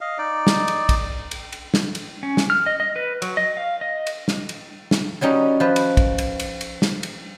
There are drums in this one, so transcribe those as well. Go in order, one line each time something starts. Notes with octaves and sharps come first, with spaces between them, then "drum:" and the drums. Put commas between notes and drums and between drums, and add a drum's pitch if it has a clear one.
D#5 F5
D#4 D5
drum: snare
drum: cymbal
drum: kick, cymbal
drum: cymbal
drum: cymbal
drum: snare
drum: cymbal
C#4
drum: snare
F6
D#5
D#5
B4
F#3, drum: cymbal
D#5
F5
D#5
drum: cymbal
drum: snare
drum: cymbal
drum: snare
F#3 G3 C#4 D#4
F3 B4
drum: cymbal
drum: kick, cymbal
drum: cymbal
drum: cymbal
drum: cymbal
drum: snare
drum: cymbal